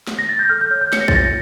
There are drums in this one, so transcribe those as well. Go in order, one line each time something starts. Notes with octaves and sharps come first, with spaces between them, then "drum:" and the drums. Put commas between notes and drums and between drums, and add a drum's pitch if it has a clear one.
drum: snare
A#6
A6
G6
A4 F6
G6
C#5 F6
G6
C#5 C#7, drum: snare
A#6
A6, drum: kick B1
F4 A#6